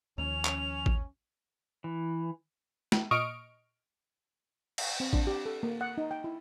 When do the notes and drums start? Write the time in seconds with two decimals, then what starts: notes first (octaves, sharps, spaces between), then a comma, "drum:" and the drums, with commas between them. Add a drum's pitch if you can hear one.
0.18 D#2 D#3 F3 C#4 F7
0.45 drum: clap
0.86 drum: kick A1
1.84 E3
2.92 drum: snare
3.11 A#2 D#5 C#6 D#6 F6 D7
4.78 drum: cymbal
5.00 C4
5.13 D4, drum: kick A1
5.27 G4
5.46 A4
5.63 A#3
5.81 F#5
5.98 D#4
6.11 G5
6.24 E4